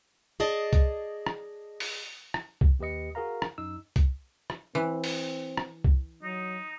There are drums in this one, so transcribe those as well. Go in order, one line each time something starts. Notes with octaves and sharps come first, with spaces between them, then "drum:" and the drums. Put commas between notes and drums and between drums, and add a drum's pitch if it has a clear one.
G#4 D5 D#5 A5
drum: kick C2, hi-hat
drum: rim click
drum: open hi-hat
drum: rim click
drum: kick C2
D#2 G4 B4 D#5 C#7
F#4 G#4 A#4 F5 A#5
drum: rim click
F#2 D#4 E6
drum: kick C2, hi-hat
drum: rim click
E3 C4
drum: open hi-hat
drum: rim click
drum: kick C2
F#3 D#4